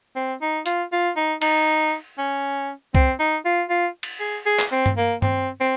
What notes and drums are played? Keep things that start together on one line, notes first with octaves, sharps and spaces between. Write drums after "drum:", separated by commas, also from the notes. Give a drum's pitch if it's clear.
C4
D#4
F4, drum: hi-hat
F4
D#4
D#4, drum: cymbal
C#4
C4, drum: kick C2
D#4
F4
F4
drum: cymbal
G#4
G#4
drum: clap
C4
drum: tom G2
A#3
C4, drum: tom G2
C4